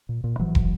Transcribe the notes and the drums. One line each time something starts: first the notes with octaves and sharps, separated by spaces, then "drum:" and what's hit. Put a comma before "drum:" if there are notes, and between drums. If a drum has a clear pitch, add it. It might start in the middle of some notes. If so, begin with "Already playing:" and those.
A#2
A#2
A1 E3 F#3
drum: kick